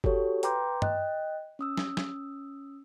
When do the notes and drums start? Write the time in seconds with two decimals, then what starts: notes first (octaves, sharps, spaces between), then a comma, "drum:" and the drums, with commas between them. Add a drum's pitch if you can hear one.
0.04 F#4 G4 A4 C#5, drum: kick F#1
0.43 B4 G5 A#5 C6 D6 G6, drum: hi-hat
0.82 D#5 G5 F#6, drum: tom G2
1.59 C#4 D#6 E6
1.78 drum: snare
1.97 drum: snare